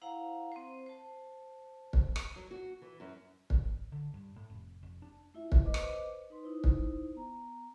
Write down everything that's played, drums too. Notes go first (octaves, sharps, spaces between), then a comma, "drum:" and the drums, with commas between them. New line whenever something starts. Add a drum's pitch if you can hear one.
E4 C5 F5 F#5 A#5
C4 C5
C5 A5
drum: kick
drum: rim click
F#3
F#4
E3
F#2
G#1, drum: kick
D3
G2
A2
F1
F1
D4
A3 E4 F4 E5
drum: kick
B4 C5 D#5 D6
drum: rim click
D#4 B4 C6
D#4 E4 C5
drum: kick
B3 A#5